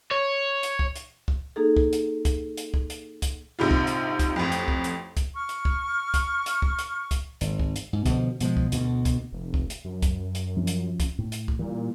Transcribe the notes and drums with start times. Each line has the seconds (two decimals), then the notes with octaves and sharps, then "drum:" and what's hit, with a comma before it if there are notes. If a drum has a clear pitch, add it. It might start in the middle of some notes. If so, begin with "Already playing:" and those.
0.11 C#5
0.63 drum: hi-hat
0.79 drum: kick
0.96 drum: hi-hat
1.28 drum: kick
1.56 A#3 D#4 G#4 A4
1.76 drum: kick
1.93 drum: hi-hat
2.25 drum: kick, hi-hat
2.57 drum: hi-hat
2.74 drum: kick
2.90 drum: hi-hat
3.22 drum: kick, hi-hat
3.59 A#1 G#2 C3 F4
3.71 drum: kick
3.87 drum: hi-hat
4.19 drum: kick, hi-hat
4.36 A1 F2
4.52 drum: hi-hat
4.68 drum: kick
4.84 drum: hi-hat
5.17 drum: kick, hi-hat
5.35 C#6 F6
5.49 drum: hi-hat
5.65 drum: kick
6.14 drum: kick, hi-hat
6.46 drum: hi-hat
6.62 drum: kick
6.79 drum: hi-hat
7.11 drum: kick, hi-hat
7.41 G#1, drum: hi-hat
7.60 drum: kick
7.76 drum: hi-hat
7.93 G#2
8.06 B2 D3 F3, drum: kick, hi-hat
8.41 B2 F3 G#3, drum: hi-hat
8.57 drum: kick
8.72 D2 B2, drum: hi-hat
9.05 drum: kick, hi-hat
9.32 F1
9.54 drum: kick
9.70 drum: hi-hat
9.85 F#2
10.02 drum: kick, hi-hat
10.35 drum: hi-hat
10.57 F3 C#4
10.67 drum: hi-hat
11.00 drum: kick, hi-hat
11.19 A2
11.32 drum: hi-hat
11.48 drum: kick
11.59 A#2 E3 G3